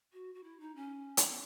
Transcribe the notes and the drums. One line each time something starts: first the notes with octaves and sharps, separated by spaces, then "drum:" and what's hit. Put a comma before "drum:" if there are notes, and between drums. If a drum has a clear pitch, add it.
F#4
F#4
E4
D#4
C#4
drum: hi-hat
B3